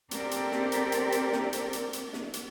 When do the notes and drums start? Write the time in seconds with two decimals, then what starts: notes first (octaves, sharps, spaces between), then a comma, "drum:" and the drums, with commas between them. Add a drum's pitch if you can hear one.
0.11 C4 G4 A4 A#4 D5, drum: hi-hat
0.31 drum: hi-hat
0.52 drum: snare
0.72 drum: hi-hat
0.92 drum: hi-hat
1.12 drum: hi-hat
1.32 drum: snare
1.53 drum: hi-hat
1.73 drum: hi-hat
1.93 drum: hi-hat
2.13 drum: snare
2.33 drum: hi-hat